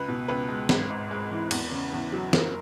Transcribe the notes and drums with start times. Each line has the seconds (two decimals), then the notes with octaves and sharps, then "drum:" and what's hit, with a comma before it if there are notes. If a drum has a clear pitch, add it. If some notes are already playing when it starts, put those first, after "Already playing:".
Already playing: C#2 B4
0.08 B2
0.28 C#2 B4
0.48 G#3
0.69 G#1, drum: snare
0.90 G#2
1.11 G#3
1.31 E3
1.51 E2, drum: cymbal
1.71 C#3
1.93 E2
2.12 F#3
2.33 F#1 A#4, drum: snare